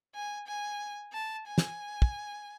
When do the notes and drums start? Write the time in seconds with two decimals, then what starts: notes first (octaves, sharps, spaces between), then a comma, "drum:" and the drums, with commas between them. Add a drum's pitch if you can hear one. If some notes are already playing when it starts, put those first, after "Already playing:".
0.15 G#5
0.47 G#5
1.13 A5
1.47 G#5
1.58 drum: snare
2.02 drum: kick